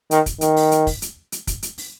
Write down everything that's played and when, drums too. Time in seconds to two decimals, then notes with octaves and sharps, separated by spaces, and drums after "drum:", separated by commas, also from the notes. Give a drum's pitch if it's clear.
0.11 D#3, drum: hi-hat
0.26 drum: kick, hi-hat
0.41 D#3, drum: hi-hat
0.56 drum: open hi-hat
0.72 drum: hi-hat
0.87 drum: kick, open hi-hat
1.02 drum: hi-hat
1.32 drum: hi-hat
1.47 drum: kick, hi-hat
1.63 drum: hi-hat
1.78 drum: open hi-hat